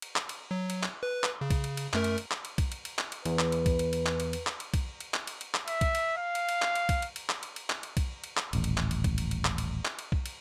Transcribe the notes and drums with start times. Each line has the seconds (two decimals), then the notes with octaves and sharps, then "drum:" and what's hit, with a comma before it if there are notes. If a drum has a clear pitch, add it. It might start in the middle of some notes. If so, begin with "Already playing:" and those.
0.02 drum: cymbal
0.16 drum: clap
0.29 drum: cymbal
0.51 F#3
0.70 drum: cymbal
0.83 drum: clap
1.03 B4
1.24 drum: clap
1.41 C#3
1.50 drum: kick B1, cymbal
1.64 drum: cymbal
1.77 drum: cymbal
1.93 F#2 A3 A#4, drum: clap
2.04 drum: cymbal
2.18 drum: cymbal
2.31 drum: clap
2.45 drum: cymbal
2.58 drum: kick B1, cymbal
2.72 drum: cymbal
2.85 drum: cymbal
2.99 drum: clap
3.12 drum: cymbal
3.25 E2 B4, drum: cymbal
3.39 drum: clap
3.52 drum: cymbal
3.66 drum: kick B1, cymbal
3.79 drum: cymbal
3.93 drum: cymbal
4.06 drum: clap
4.20 drum: cymbal
4.33 drum: cymbal
4.47 drum: clap
4.60 drum: cymbal
4.74 drum: kick B1, cymbal
5.01 drum: cymbal
5.14 drum: clap
5.27 drum: cymbal
5.41 drum: cymbal
5.54 drum: clap
5.68 E5, drum: cymbal
5.81 drum: kick B1, cymbal
5.95 drum: cymbal
6.17 F5
6.35 drum: cymbal
6.49 drum: cymbal
6.62 drum: clap
6.76 drum: cymbal
6.89 drum: kick B1, cymbal
7.02 drum: cymbal
7.16 drum: cymbal
7.29 drum: clap
7.43 drum: cymbal
7.56 drum: cymbal
7.70 drum: clap
7.83 drum: cymbal
7.97 drum: kick B1, cymbal
8.24 drum: cymbal
8.37 drum: clap
8.53 D#1 A1, drum: cymbal
8.64 drum: cymbal
8.77 drum: clap
8.91 drum: cymbal
9.04 drum: kick B1, cymbal
9.18 drum: cymbal
9.31 drum: cymbal
9.45 drum: clap
9.58 drum: cymbal
9.85 drum: clap
9.99 drum: cymbal
10.12 drum: kick B1
10.26 drum: cymbal